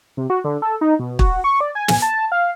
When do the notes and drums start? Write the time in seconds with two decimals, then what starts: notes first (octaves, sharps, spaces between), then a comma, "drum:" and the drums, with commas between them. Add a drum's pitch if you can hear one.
0.17 C3
0.30 F#4
0.44 D3
0.62 A4
0.81 D#4
0.99 B2
1.19 F#4, drum: kick
1.44 C#6
1.61 D5
1.75 G#5
1.88 drum: snare
2.02 A5
2.32 F5